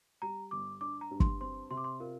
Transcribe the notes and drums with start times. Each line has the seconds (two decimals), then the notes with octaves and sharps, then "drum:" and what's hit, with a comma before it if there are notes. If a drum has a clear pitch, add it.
0.22 G3 A#5
0.51 G1 D6
0.81 D4 D6
1.01 A#5
1.11 G2
1.20 C6, drum: kick
1.41 C4 C6
1.70 C3 C6
1.77 D6
1.84 C6
2.00 F4 A#4